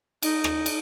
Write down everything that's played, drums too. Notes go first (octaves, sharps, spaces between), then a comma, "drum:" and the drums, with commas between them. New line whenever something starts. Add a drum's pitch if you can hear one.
D#4, drum: cymbal
drum: rim click
drum: cymbal